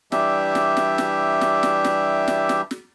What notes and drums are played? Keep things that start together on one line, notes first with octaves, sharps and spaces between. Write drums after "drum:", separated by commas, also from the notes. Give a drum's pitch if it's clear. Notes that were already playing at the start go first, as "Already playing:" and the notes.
E3 G3 D4 G4 E5, drum: snare
drum: snare
drum: snare
drum: snare
drum: snare
drum: snare
drum: snare
drum: snare
drum: snare
drum: snare